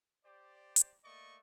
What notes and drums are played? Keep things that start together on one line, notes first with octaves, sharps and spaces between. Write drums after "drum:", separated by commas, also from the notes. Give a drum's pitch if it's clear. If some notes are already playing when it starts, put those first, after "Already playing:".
G4 C5 D5
drum: hi-hat
A3 A#3 D5 D#5 C#6